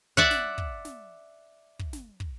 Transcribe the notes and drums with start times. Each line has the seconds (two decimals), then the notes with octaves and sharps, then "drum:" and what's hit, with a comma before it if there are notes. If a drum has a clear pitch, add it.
0.17 D5 E5 F#5, drum: kick
0.31 drum: snare
0.58 drum: kick
0.85 drum: snare
1.79 drum: kick
1.93 drum: snare
2.20 drum: kick